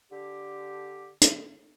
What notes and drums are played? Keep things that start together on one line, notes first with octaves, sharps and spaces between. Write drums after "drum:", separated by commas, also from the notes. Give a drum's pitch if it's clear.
D3 G4
drum: hi-hat